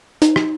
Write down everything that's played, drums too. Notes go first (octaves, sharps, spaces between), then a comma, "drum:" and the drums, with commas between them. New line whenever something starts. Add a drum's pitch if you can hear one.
D#4, drum: hi-hat
drum: rim click